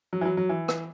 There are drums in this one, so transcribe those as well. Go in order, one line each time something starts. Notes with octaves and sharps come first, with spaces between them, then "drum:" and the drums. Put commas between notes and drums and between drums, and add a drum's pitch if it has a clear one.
F#3
E3
F#3
F#3
E3
drum: rim click